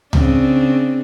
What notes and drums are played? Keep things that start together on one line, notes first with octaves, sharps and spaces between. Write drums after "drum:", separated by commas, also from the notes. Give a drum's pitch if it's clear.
C#3 C4 D4, drum: tom C#2